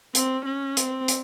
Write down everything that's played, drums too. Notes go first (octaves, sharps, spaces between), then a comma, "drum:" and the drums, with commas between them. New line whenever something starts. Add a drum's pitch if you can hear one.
C4, drum: hi-hat
C#4
C4, drum: hi-hat
drum: hi-hat